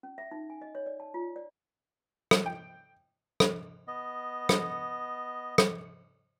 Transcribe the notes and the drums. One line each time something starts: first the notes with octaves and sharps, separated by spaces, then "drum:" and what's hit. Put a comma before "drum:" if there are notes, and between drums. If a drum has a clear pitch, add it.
C#4
E5
D#4
G#5
D#5
C#5
D5
A5
F4
D5
drum: rim click
G5
drum: rim click
B3 D#5
drum: rim click
drum: rim click